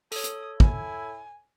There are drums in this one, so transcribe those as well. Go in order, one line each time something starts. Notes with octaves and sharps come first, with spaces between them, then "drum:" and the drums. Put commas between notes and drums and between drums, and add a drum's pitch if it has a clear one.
A4 C#5 D#6, drum: open hi-hat
drum: hi-hat
E4 G#5, drum: kick